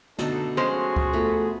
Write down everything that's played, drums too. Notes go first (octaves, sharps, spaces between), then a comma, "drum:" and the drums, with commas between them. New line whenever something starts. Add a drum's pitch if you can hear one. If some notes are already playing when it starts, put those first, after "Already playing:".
B2 D3 A3 D#4 A4, drum: snare
F3 G#3 C#4 F#4 G#4 C5
drum: kick
A3 B3 F4 B5